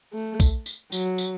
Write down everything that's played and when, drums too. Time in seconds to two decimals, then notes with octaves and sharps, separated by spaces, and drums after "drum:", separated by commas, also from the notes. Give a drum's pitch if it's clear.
0.13 A3
0.40 drum: kick, tambourine
0.66 drum: tambourine
0.92 F#3, drum: tambourine
1.18 drum: tambourine